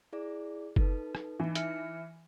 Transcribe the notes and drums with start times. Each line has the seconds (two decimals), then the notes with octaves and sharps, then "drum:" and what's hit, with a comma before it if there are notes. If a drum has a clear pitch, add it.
0.13 E4 G#4 D5
0.76 D#4 A4 B4, drum: kick F#1
1.15 drum: rim click
1.40 E3 D#4 E4
1.55 E5 F6 C#7, drum: hi-hat